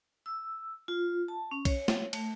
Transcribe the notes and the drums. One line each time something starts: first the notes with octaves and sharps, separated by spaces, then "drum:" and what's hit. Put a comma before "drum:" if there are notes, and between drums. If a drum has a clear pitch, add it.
E6
F4
A5
C#4
C#5, drum: kick, cymbal
drum: snare
A3, drum: cymbal